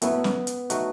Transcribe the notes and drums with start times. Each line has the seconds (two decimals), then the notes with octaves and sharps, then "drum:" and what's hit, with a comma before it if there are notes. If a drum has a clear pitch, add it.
0.02 F#3 A3 B3 E4, drum: hi-hat
0.24 drum: snare
0.47 drum: hi-hat
0.70 F#3 A3 D#4 F#4, drum: hi-hat